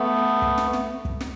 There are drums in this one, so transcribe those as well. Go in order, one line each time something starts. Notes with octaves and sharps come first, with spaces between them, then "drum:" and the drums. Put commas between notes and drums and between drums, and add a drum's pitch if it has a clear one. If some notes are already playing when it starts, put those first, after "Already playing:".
Already playing: A3 B3
drum: kick
drum: snare
drum: snare
drum: kick
drum: snare